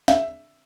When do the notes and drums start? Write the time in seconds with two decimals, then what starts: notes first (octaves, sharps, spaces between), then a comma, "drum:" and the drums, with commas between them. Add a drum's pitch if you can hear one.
0.08 E5, drum: snare